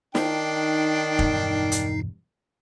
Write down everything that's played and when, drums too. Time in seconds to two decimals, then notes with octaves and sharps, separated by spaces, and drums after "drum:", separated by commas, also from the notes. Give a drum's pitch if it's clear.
0.15 D#3 D4 D#4 G5 C7, drum: snare
1.19 E1 G2 G#3, drum: kick
1.72 drum: hi-hat